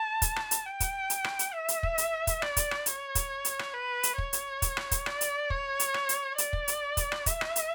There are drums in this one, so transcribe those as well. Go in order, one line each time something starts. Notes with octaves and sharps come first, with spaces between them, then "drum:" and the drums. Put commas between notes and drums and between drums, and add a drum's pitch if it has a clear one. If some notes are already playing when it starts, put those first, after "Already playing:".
Already playing: A5
drum: kick, hi-hat
drum: rim click
drum: hi-hat
G5
drum: kick, hi-hat
drum: hi-hat
drum: rim click
drum: hi-hat
E5
drum: hi-hat
drum: kick
drum: hi-hat
drum: kick, hi-hat
D5, drum: rim click
drum: kick, hi-hat
drum: rim click
C#5, drum: hi-hat
drum: kick, hi-hat
drum: hi-hat
drum: rim click
B4
drum: hi-hat
C#5, drum: kick
drum: hi-hat
drum: kick, hi-hat
drum: rim click
drum: kick, hi-hat
D5, drum: rim click
drum: hi-hat
C#5, drum: kick
drum: hi-hat
drum: rim click
drum: hi-hat
D5, drum: hi-hat
drum: kick
drum: hi-hat
drum: kick, hi-hat
drum: rim click
E5, drum: kick, hi-hat
drum: rim click
drum: hi-hat